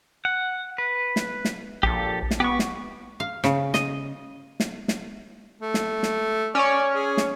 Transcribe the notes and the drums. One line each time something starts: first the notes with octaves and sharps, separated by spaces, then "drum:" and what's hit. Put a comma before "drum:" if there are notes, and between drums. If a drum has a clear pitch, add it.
F#5
B4
drum: snare
drum: snare
A#1 G4 A4
drum: snare
B3 G4 C#6
drum: snare
F5
C#3, drum: snare
D#5, drum: snare
drum: snare
drum: snare
A3
drum: snare
drum: snare
C#4 C#5 D5
G#4
drum: snare